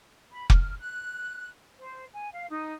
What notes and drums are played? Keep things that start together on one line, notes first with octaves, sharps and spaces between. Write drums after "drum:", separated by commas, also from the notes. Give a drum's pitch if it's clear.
B5
F6, drum: kick F1
F#6
C5
G#5
F5
D#4